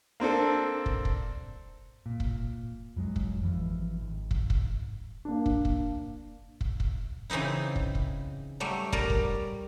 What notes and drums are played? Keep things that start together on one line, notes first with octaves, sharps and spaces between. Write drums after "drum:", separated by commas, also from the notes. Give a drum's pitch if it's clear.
A#3 C4 D4 A4
drum: kick
drum: kick
A#2
drum: kick
F2 F#3 G#3
drum: kick
G#1 D#2 E3 F3
G#1
drum: kick
drum: kick
A#3 D4
drum: kick
drum: kick
drum: kick
drum: kick
C#3 E3 C4 D#4 E4
drum: kick
drum: kick
F#3 G3 A3
G3 A#4 D5, drum: kick
drum: kick